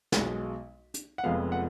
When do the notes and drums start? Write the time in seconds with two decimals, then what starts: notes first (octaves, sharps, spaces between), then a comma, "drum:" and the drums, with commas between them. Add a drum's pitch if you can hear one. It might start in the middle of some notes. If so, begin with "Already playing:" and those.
0.12 B1 B2 G#3, drum: snare
0.94 drum: hi-hat
1.18 F#5
1.23 F1 F2 F3 G#3 B3 F5
1.52 F#5